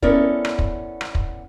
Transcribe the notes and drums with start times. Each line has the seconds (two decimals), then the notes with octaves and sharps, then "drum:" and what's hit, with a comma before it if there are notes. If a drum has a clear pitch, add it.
0.02 B3 C#4 E4 A4 A#4 D5, drum: kick
0.45 drum: rim click
0.59 drum: kick
1.01 drum: rim click
1.15 drum: kick